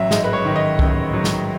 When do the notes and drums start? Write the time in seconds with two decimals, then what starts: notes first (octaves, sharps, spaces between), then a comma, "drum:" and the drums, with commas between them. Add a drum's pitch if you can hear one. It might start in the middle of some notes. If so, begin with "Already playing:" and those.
Already playing: A1 F#3 E5
0.11 G#2 D#5, drum: snare
0.24 B4
0.33 C#5
0.45 D#3
0.56 D#5
0.79 A1, drum: kick
1.13 F#3
1.24 drum: snare